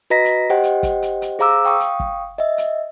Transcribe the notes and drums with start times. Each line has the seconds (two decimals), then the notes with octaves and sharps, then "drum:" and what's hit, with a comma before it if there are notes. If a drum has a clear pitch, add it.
0.10 F#4 B4 D#5 A#5 A#6 B6
0.25 drum: hi-hat
0.50 G4 C5 D#5 F#5 G5
0.64 drum: hi-hat
0.83 drum: kick, hi-hat
1.02 drum: hi-hat
1.22 drum: hi-hat
1.39 G#4 C5 F5 A#5 D6 E6
1.65 F5 G5 C#6 D#6
1.80 drum: hi-hat
2.00 drum: kick
2.38 D#5 E5
2.58 drum: hi-hat